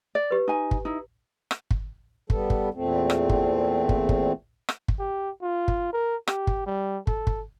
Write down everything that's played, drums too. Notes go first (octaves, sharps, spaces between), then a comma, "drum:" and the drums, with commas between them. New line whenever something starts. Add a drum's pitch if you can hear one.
D5
G4 B4
D#4 G#5
drum: kick
D#4 E4
drum: rim click
drum: kick
G3 B3 A4, drum: kick
drum: kick
E2 A#2 A3 C4
drum: rim click
drum: kick
drum: kick
drum: kick
drum: rim click
drum: kick
G4
F4
drum: kick
A#4
G4, drum: rim click
drum: kick
G3
A4, drum: kick
drum: kick